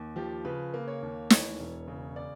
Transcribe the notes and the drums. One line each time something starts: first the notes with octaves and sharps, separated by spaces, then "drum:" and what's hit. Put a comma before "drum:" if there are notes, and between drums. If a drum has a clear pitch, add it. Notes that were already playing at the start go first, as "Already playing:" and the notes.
Already playing: D#2
F3 G4
C#3 B4
A#3
C#5
D#2
E3 C#5, drum: snare
E1
C#3
D5